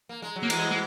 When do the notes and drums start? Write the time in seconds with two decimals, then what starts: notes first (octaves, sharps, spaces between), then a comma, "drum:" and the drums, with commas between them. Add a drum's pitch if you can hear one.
0.09 A#3
0.22 G#3
0.36 F#3
0.43 A#3
0.50 E3 G#3, drum: cymbal
0.71 G#3